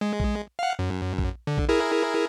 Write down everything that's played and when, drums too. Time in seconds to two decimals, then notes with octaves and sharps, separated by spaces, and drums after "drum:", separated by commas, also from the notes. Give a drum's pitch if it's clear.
0.01 G#3
0.20 drum: kick A#1
0.59 F5 F#5
0.79 F#2
1.18 drum: kick A#1
1.47 D3
1.58 drum: kick A#1
1.69 E4 G#4 A#4